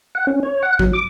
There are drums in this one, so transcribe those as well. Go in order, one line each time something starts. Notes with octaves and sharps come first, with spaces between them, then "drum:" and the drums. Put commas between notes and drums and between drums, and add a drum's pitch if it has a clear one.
F#5
C#4
C#5
F#5
F#3, drum: kick
D6